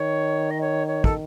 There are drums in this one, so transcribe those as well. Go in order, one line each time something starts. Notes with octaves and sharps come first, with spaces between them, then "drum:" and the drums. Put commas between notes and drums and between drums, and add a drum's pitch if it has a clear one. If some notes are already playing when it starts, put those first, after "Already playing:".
Already playing: D#3 C#5
D#5
C#5
C#5
A4, drum: kick